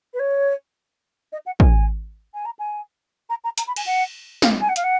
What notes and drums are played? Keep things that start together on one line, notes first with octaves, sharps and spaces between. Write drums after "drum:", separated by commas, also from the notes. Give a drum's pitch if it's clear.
B4
C#5
D#5
F#5
G#5, drum: kick
G#5
A#5
G#5
A#5
A#5
A#5, drum: hi-hat
B5
G#5, drum: cymbal
F#5
F5, drum: snare
G#5
F#5
F5, drum: hi-hat
F#5